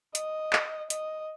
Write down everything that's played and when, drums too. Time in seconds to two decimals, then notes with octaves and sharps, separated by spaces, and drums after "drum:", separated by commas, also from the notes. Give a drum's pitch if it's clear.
0.15 D#5, drum: hi-hat
0.53 drum: clap
0.90 D#5, drum: hi-hat